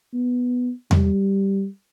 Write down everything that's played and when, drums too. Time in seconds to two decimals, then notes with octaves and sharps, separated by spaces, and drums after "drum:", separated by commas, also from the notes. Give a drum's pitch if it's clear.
0.13 B3
0.91 G3, drum: tom E2